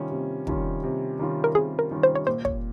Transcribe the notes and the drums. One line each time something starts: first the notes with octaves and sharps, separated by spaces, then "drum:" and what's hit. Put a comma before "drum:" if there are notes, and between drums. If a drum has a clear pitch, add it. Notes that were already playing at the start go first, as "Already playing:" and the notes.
Already playing: C3 D#3 G3 C#4 F4
C3
D#3 G3 C#4 F4, drum: kick
C3
D#3 G3 C#4 F4
A#4
C3 G#4
A#4
D#3 G3 C#4 F4
C5
C#5
A#2 C5
C#5, drum: kick